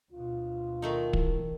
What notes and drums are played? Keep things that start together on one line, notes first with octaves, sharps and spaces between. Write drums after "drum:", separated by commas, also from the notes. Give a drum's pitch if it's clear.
D2 B2 F4
D#3 A3 D#4
E3, drum: kick